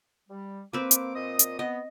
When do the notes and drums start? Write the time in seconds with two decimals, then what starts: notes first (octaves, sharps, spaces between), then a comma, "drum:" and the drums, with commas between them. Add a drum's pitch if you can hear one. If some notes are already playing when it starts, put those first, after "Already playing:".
0.29 G3
0.73 A#3 C4 B4 D6
0.91 drum: hi-hat
1.15 A#2 D#5 D#6
1.39 drum: hi-hat
1.59 B3 D#5